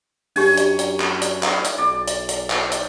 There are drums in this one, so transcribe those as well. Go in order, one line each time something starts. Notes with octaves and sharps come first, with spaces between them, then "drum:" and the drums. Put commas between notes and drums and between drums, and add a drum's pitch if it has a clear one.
F#2 D4 G4 C#5 G#5, drum: open hi-hat
drum: hi-hat
drum: hi-hat
drum: clap
drum: hi-hat
drum: clap
drum: hi-hat
B1 D5
drum: hi-hat
drum: hi-hat
drum: clap
drum: hi-hat